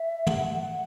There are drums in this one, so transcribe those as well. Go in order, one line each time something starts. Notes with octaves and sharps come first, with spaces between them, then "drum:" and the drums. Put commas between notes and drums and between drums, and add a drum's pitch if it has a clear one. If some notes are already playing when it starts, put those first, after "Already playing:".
Already playing: E5
F#5, drum: tom